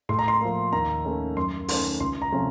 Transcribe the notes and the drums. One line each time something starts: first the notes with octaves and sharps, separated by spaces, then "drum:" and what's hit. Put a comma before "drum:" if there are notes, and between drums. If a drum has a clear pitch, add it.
A2 C6
A#5
C6
F3 A#3
D#2 A#5
D#3 A3 C#4
F#2 C6
D#3 A3 C#4, drum: open hi-hat
C#2 C6
A#5
C3 F3 A3 C#4